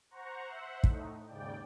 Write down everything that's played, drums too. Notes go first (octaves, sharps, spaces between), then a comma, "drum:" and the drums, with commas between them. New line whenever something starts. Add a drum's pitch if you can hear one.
C5 F#5 A#5 C#6
C5 E5 F#5
A2 A3 D#4, drum: kick
D#2 G#2 C#3 D5 G5